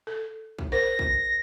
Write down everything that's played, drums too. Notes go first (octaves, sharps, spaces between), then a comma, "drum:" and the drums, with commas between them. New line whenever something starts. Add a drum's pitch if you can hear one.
A4
drum: kick
A#4 C5 A#6
drum: kick